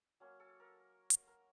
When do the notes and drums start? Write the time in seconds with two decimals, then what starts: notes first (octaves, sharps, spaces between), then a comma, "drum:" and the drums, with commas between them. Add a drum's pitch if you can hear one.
0.20 F#3 A#3 C#4
0.40 A4
0.60 A#4
1.10 drum: hi-hat
1.27 A#4